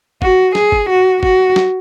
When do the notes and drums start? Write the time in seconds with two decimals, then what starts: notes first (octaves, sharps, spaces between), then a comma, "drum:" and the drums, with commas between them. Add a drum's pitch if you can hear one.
0.22 F#4, drum: kick
0.55 G#4, drum: snare
0.72 drum: kick
0.89 F#4
1.23 F#4, drum: kick
1.56 drum: snare